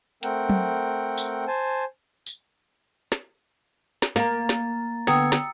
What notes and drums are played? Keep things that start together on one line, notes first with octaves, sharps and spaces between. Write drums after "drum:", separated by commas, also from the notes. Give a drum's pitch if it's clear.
A3 C4 A#4 F#5 G5, drum: hi-hat
drum: tom F#3
drum: tambourine
C5 G#5 A5
drum: tambourine
drum: snare
drum: snare
A#3 A#5 A6, drum: snare
drum: snare
D3 B3 G5 A#5 D#6 E6 G#6 C#7, drum: snare
drum: snare